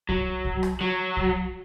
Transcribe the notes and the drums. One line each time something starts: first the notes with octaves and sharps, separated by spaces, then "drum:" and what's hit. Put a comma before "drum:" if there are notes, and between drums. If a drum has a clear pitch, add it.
F#3, drum: kick
drum: kick
drum: rim click
F#3
drum: kick